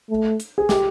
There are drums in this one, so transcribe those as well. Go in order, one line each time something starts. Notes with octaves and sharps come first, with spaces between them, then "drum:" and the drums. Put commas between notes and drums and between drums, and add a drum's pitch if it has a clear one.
A3
drum: hi-hat
G#4
G4, drum: snare